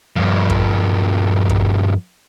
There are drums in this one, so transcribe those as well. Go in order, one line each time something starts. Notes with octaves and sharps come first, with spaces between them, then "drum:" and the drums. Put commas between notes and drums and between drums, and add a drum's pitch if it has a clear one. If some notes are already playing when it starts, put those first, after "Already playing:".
G2 F3
drum: kick
drum: kick